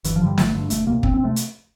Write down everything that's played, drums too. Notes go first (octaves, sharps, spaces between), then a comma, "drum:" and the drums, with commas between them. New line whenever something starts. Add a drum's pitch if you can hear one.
G1 E3, drum: hi-hat
F3
G2 D3 G3
G1 A3, drum: snare
G2 D3
E1 A3, drum: hi-hat
E2 C3 A#3
E1 C4, drum: kick
C4
C3 A3
drum: hi-hat